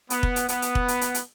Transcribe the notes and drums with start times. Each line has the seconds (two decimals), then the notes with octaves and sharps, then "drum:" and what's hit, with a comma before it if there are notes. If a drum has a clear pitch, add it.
0.10 B3, drum: hi-hat
0.23 drum: kick F1
0.36 drum: hi-hat
0.48 B3, drum: hi-hat
0.62 drum: hi-hat
0.75 drum: kick F1
0.88 drum: hi-hat
1.01 drum: hi-hat
1.14 drum: hi-hat